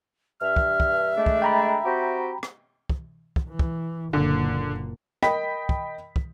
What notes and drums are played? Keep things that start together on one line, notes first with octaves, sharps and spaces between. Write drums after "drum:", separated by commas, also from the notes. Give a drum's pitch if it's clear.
G2 E5 F6
drum: kick
drum: kick
G#3 A3 D4
drum: kick
G5 A#5 B5
C4 F#4 G4
drum: rim click
drum: kick
drum: kick
E3
drum: kick
F#1 A#2 D3
A#4 D#5 G5 B5 B6, drum: rim click
drum: kick
drum: kick